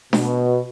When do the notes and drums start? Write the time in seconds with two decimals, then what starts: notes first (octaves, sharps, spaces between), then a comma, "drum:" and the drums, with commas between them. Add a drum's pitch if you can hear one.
0.13 B2, drum: snare D4